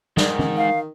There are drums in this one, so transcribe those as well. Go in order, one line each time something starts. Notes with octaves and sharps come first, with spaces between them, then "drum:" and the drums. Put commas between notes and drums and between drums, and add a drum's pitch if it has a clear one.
G#2 D#3, drum: snare
drum: tom
F5